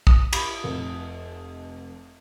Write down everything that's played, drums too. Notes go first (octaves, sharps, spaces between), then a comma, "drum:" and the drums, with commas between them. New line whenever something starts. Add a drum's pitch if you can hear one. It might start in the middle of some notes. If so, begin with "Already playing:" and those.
D#6, drum: kick
B5, drum: cymbal
F1